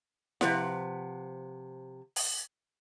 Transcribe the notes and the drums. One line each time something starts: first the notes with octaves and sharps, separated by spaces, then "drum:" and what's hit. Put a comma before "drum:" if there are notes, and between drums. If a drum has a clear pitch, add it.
C3 F3 B4 F#5, drum: snare E4
drum: open hi-hat